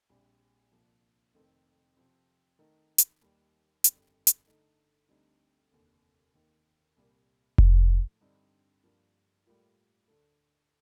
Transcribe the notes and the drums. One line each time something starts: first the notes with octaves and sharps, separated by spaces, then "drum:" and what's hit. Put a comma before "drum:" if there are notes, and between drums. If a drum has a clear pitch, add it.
A#1 A#2 G3 C4
C2 A#2 F3
F1 F2 D#3 A3 C4
C3 F3 C4
D#3 A3 D#4 A4
drum: hi-hat
D#2 D#3 G3
G1 F2 D#3 G3 C4, drum: hi-hat
drum: hi-hat
D3 A3 D#4 A4
D2 D3 G3 C4 D#4
F1 D#2 D3
D#2 D#3 A#3
C2 A#2 G3 A#3
A2 F3 A3 D#4, drum: kick F1
G2 D3 G3 C4 D#4
G2 F3 A#3 F4
A2 G3 A#3 F4 A#4
D2 D3 A3